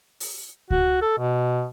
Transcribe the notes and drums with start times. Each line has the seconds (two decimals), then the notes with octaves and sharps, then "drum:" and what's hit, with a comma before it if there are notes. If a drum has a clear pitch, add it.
0.20 drum: open hi-hat
0.71 F#4, drum: kick C#2
1.02 A4
1.18 B2